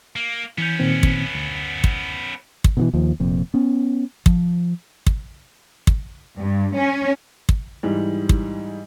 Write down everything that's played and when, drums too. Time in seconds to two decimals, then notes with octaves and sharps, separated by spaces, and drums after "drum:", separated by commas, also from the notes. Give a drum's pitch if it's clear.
0.16 A#3
0.58 E3 B3 C#4 G6
0.79 A#2 D#3 C4
1.03 drum: kick
1.35 D2
1.84 drum: kick
2.64 drum: kick
2.77 B2 D#3 E3
2.94 D#2 F3
3.20 F1 F2 A#2
3.54 B3 C#4
4.26 F3, drum: kick
5.07 drum: kick
5.87 drum: kick
6.38 G2
6.76 C#4
7.49 drum: kick
7.83 G#2 E3 G3
8.29 drum: kick